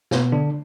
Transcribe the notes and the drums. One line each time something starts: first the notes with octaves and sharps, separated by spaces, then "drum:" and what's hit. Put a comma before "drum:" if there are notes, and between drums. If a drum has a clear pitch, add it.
B2 B3, drum: snare
D3 D4